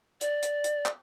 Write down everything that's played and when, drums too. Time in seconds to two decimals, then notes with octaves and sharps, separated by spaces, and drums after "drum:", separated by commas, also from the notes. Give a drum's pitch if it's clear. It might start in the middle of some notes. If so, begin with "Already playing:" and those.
0.21 D5, drum: hi-hat
0.42 drum: hi-hat
0.64 drum: hi-hat
0.86 drum: clap